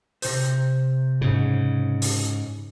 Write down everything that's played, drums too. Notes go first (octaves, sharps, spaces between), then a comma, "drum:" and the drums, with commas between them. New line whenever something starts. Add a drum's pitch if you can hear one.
C3 C5, drum: open hi-hat
G#2 C#3
drum: open hi-hat